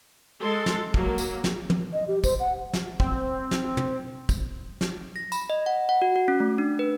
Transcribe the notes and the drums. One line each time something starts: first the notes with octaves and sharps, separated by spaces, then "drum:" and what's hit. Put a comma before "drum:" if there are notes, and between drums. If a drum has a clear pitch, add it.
G#3 A4 C6
drum: snare
F#3 A#3, drum: kick
drum: tambourine
drum: snare
drum: tom
D#5
G4
C5, drum: kick, tambourine
F#5
drum: snare
C4, drum: kick
drum: snare
drum: tom
drum: kick, tambourine
drum: snare
A#6
B5, drum: tambourine
D#5
F#5
F#5
F#4
F#4
C#4
A3
D4
B4